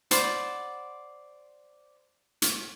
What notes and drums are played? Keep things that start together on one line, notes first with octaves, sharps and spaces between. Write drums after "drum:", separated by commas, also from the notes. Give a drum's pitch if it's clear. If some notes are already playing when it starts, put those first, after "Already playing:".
C5 D5 F#5 B5, drum: hi-hat
drum: hi-hat